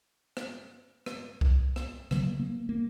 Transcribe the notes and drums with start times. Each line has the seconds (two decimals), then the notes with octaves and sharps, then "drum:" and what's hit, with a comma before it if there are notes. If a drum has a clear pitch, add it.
0.37 drum: rim click
1.06 drum: rim click
1.41 drum: kick C2
1.76 drum: rim click
2.11 C#3 F#3 A#3, drum: rim click
2.40 A#3
2.69 A#3